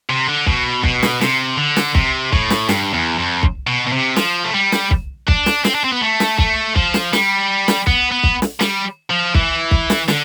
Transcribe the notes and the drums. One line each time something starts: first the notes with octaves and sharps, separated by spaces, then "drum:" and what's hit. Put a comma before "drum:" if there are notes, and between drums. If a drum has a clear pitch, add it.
C3
D3
B2, drum: kick
B2, drum: kick
drum: snare
C3, drum: snare
D3
drum: snare
C3, drum: kick
A2, drum: kick
drum: snare
G2, drum: snare
E2
F2
drum: kick
B2
B2
C3
F3, drum: snare
A3
G3
drum: snare
drum: kick
D4, drum: kick
drum: snare
C4, drum: snare
D4
C4
B3
A3
drum: snare
A3, drum: kick
F3, drum: kick
drum: snare
G3, drum: snare
drum: snare
B3, drum: kick
B3
drum: kick
drum: snare
G3, drum: snare
F3
E3, drum: kick
drum: kick
drum: snare
D3, drum: snare